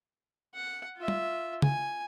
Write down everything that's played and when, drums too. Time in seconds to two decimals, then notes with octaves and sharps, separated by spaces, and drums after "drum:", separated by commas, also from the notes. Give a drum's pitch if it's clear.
0.54 F#5
0.97 F4 E5
1.08 drum: tom G3
1.62 G#5, drum: tom C#3